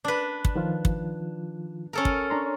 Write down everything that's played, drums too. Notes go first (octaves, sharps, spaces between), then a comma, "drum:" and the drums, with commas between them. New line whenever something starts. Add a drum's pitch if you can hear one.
D4 B4
drum: kick
D#3 F3 F4
drum: kick
C#4 A4 A#4
drum: kick
D4 A#5 C6